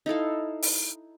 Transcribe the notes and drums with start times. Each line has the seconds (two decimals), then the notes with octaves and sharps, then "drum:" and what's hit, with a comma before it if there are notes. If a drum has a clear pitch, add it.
0.06 D#4 E4 A4 F5
0.62 drum: open hi-hat